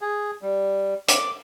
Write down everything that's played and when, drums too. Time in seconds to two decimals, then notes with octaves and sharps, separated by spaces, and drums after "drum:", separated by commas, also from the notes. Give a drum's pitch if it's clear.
0.02 G#4
0.42 G3
1.08 D6, drum: hi-hat